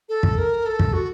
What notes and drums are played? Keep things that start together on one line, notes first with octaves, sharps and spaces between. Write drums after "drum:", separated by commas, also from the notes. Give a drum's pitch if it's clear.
A4
drum: kick
A#4
A4
drum: kick
F#4